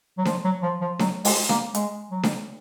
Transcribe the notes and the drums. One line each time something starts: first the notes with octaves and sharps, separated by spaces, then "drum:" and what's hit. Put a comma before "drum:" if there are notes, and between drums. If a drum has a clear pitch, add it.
F#3
F3, drum: snare D4
F#3
F3
F3
F#3, drum: snare D4
G#3, drum: open hi-hat
A#3, drum: snare D4
G#3, drum: hi-hat
F#3
drum: snare D4